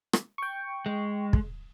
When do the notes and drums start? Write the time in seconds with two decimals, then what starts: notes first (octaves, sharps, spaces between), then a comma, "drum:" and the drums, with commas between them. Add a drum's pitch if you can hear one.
0.13 drum: rim click
0.38 G5 C#6
0.86 G#3
1.33 drum: kick